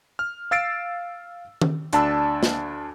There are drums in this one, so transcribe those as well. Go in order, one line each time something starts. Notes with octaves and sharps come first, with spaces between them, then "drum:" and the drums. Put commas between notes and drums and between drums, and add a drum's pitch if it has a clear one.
F6
F5 E6 A6 C7 D7
drum: tom D#3
D2 D4 A5 B5 E6, drum: hi-hat
drum: snare